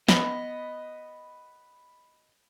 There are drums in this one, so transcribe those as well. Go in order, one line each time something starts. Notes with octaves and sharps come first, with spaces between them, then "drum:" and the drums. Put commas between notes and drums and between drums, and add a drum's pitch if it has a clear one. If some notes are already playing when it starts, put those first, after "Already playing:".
B3 D#5 B5, drum: snare